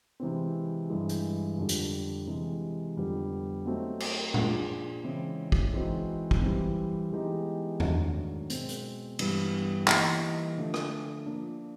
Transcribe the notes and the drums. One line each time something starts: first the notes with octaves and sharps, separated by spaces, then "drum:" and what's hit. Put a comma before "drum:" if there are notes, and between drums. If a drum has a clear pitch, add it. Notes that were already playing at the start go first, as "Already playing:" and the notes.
C3 E3 G#3 C4
G2 E3 G#3
drum: hi-hat
F2 D3 G3
drum: hi-hat
C3 E3 G#3
F2 D3 G3 B3
F#3 A3 C4 D#4
drum: cymbal
F3 A#3 D4 F4 G#4, drum: tom A#2
C#3 E3 G#3 C4 E4
drum: kick
E3 G#3 C4 D#4 F#4
drum: kick
E3 G3 C4
E3 G#3 B3 D#4 G4
G#2 D#3 F#3 A3 D4, drum: tom E2
B2 G#3 C4, drum: hi-hat
drum: hi-hat
G2 E3 G3 B3, drum: cymbal
E3 G3 A#3 D#4, drum: clap
D3 F3 A3
drum: rim click
F3 A#3 D4